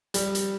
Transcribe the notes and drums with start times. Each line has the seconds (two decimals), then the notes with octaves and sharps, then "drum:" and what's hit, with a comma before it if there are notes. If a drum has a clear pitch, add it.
0.14 G3, drum: hi-hat
0.35 drum: hi-hat